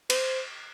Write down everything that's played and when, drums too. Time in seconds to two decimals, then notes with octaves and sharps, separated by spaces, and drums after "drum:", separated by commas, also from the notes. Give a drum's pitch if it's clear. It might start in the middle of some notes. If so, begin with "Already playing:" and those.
0.10 C5, drum: cymbal